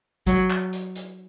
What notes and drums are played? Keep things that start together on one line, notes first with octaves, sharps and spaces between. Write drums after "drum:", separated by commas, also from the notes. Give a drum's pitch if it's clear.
F#3, drum: kick, hi-hat
drum: clap
drum: hi-hat
drum: hi-hat